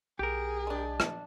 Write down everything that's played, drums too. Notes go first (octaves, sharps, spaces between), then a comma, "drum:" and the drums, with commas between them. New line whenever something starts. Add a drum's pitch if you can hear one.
B1 G4 G#4 A#4
G#3 D4
drum: rim click